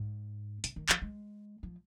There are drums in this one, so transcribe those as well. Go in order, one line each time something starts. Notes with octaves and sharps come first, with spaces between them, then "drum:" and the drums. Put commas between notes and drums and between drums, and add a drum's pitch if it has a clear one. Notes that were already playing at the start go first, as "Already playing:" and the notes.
Already playing: G#2
C3, drum: hi-hat
D#3
F3, drum: clap
G#3
F3